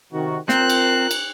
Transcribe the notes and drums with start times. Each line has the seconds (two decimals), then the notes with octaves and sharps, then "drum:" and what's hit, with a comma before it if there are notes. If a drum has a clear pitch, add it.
0.13 C3 D#3 F#4
0.49 C4 F4 A#4 F#6, drum: snare
0.70 drum: cymbal
1.11 drum: cymbal